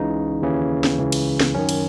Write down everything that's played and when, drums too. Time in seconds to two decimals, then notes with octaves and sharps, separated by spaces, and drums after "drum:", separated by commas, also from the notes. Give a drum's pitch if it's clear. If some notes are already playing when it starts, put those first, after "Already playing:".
Already playing: C#2 C#3 E3 D#4
0.42 D#2 C#3 E3
0.84 drum: snare
0.98 C#2 C#3 E3
1.12 drum: cymbal
1.41 drum: snare
1.55 F#2 D#3 C#4
1.69 drum: cymbal